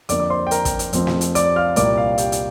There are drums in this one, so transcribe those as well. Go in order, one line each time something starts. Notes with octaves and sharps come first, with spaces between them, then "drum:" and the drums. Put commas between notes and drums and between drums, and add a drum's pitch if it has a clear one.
F2 D3 A#3 D5 D6, drum: hi-hat
D6
C5 C6
G5
A#4 A#5, drum: hi-hat
drum: kick, hi-hat
drum: hi-hat
F2 F3 C4, drum: hi-hat
drum: snare
drum: hi-hat
D5 D6, drum: hi-hat
F5 F6
C2 A#2 A#3 D5 D6, drum: hi-hat
F5
F5
G4 G5, drum: hi-hat
drum: hi-hat